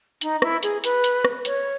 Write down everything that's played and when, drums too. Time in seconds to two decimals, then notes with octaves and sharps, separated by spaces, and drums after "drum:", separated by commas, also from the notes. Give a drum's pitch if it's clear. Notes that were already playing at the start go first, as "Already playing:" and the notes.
0.21 D#4, drum: hi-hat
0.42 E4, drum: rim click
0.63 G#4, drum: hi-hat
0.84 B4, drum: hi-hat
1.04 drum: hi-hat
1.25 drum: rim click
1.45 C#5, drum: hi-hat